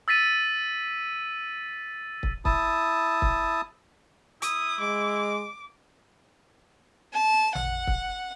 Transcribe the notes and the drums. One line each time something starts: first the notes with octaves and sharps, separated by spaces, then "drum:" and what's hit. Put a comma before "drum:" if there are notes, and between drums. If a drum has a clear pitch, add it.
E6 A6 B6 D#7
drum: kick
E4 A5 D#6, drum: kick
drum: kick
E4 D#6, drum: hi-hat
G#3 D6
A5
F#5, drum: tom A1
drum: kick